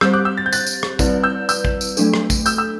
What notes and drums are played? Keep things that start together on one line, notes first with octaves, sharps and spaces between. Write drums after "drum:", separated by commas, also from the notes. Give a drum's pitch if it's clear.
G3 C4 G4 C5 E6 G6, drum: rim click
D6 F#6
E6 G6
A6
G6
F#6 A6, drum: tambourine
drum: tambourine
drum: rim click
G3 C4 E4 B4 D5, drum: kick, tambourine
E6 G6
E6 G6, drum: tambourine
drum: kick
drum: tambourine
F#3 A3 D4 A4, drum: tambourine
drum: rim click
drum: kick, tambourine
E6 G6, drum: tambourine
E6